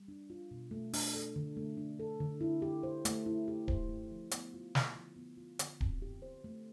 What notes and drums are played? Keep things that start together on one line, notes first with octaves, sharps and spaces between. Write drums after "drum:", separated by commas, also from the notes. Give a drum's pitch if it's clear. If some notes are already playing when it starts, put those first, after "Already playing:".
Already playing: G3
D4
F4
B2
A3
D4, drum: open hi-hat
A4
D3
A3
D4
A4
D3
E4
G4
C5
A3, drum: hi-hat
E4
G4
C5, drum: kick D1
A3
F3
B3, drum: hi-hat
F4
D3, drum: snare
F3
B3
F4
D3, drum: hi-hat
C4, drum: kick D1
G4
C5
A3